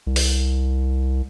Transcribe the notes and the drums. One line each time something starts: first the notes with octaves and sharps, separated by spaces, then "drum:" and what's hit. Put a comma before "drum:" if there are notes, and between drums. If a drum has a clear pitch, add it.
C2
drum: open hi-hat